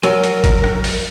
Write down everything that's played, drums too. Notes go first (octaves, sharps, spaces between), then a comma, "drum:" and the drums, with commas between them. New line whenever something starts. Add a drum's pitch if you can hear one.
F#3 A#4 G#5, drum: hi-hat
drum: hi-hat
drum: kick G#1, hi-hat
drum: rim click
drum: open hi-hat